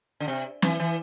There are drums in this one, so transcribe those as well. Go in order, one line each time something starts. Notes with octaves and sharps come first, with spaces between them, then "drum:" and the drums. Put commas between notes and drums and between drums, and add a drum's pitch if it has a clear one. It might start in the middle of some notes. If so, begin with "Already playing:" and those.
D3
C3
E3, drum: snare
E3